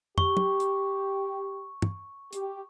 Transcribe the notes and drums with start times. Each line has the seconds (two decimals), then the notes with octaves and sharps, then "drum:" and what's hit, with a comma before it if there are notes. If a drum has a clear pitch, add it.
0.18 G4 C#6, drum: tom
0.37 drum: tom
0.60 drum: hi-hat
1.82 drum: tom
2.33 G4, drum: hi-hat